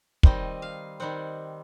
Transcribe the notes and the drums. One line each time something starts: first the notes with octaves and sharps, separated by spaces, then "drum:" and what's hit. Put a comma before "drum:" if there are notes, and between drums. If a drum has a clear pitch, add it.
D#3 G3 C4 D#5, drum: kick
F5
D#3 G3 C4 F#5